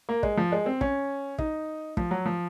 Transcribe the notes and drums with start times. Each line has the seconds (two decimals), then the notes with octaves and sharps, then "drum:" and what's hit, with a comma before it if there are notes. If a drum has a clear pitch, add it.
0.09 A#3
0.23 G#3, drum: kick
0.37 F3
0.52 G#3
0.66 C4
0.81 C#4, drum: kick
1.38 D#4, drum: kick
1.97 F3, drum: kick
2.11 F#3
2.26 F3